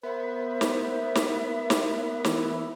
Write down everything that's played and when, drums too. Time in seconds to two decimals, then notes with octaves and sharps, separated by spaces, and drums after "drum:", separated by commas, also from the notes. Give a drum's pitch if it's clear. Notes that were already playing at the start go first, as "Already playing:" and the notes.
0.03 B3 A#4 C5 E5 B5
0.61 drum: snare
1.15 drum: snare
1.70 drum: snare
2.24 E3, drum: snare